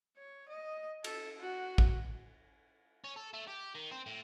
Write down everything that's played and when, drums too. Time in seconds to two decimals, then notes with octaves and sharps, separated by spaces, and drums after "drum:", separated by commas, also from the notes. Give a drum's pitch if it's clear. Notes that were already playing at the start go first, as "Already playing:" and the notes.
0.17 C#5
0.49 D#5
1.04 A4, drum: cymbal
1.40 F#4
1.78 drum: kick
3.04 C#4
3.16 A4
3.34 A3
3.48 G4
3.75 D#3
3.91 C4
4.06 A2